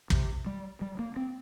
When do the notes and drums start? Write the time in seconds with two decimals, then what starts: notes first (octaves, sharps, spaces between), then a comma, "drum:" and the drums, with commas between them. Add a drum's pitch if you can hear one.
0.10 C3, drum: kick
0.46 G3
0.81 G3
0.99 A#3
1.16 C4